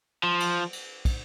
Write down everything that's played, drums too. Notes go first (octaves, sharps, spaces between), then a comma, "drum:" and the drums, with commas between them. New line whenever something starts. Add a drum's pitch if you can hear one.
F3
drum: cymbal
drum: cymbal
drum: kick, cymbal